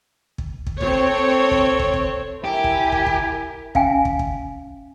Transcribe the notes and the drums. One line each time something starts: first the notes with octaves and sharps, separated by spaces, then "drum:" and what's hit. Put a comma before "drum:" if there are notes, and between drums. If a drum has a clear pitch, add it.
drum: kick
drum: kick
C4 A4 C#5, drum: kick
drum: kick
drum: kick
drum: kick
E4 G4 A#4 G#5
drum: kick
drum: kick
drum: kick
C#4 E5 F5 G5 G#5, drum: kick
drum: kick
drum: kick